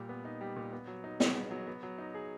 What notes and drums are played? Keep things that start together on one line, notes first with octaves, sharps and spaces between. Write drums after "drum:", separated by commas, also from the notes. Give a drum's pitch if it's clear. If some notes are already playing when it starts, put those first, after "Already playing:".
Already playing: A#2 G3
B3
D#4
G3
A#2
B3
F#3
D#4
G#4, drum: snare
B3
F#3
B3
F#3
D#4
G#4